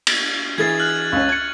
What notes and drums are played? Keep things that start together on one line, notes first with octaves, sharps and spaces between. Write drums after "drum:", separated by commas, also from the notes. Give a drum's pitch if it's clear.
drum: cymbal
E3 G#4 G#6 A6 C7
F6 F#6 F#7
C#2 C#4 C#6
G#6 C#7